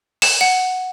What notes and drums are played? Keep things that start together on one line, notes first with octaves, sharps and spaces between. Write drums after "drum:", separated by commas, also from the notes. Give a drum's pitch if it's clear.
E7, drum: open hi-hat
F#5